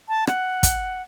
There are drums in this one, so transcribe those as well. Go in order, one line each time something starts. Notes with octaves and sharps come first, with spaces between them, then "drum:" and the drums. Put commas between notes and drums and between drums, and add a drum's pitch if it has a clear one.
A5
F#5, drum: rim click
drum: kick, hi-hat